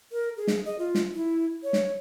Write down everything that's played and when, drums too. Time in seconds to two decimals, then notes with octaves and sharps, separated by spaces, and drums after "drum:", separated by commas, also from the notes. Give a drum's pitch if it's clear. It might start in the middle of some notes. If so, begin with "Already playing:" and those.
0.12 A#4
0.37 G#4
0.47 drum: snare
0.65 D#5
0.79 F4
0.95 drum: snare
1.15 E4
1.63 C#5
1.73 drum: snare